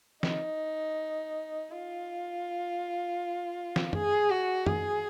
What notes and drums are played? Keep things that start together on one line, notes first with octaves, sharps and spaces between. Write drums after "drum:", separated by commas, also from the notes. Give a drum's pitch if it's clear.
D#4, drum: snare
F4
drum: snare
G#4, drum: tom
F#4
G#4, drum: tom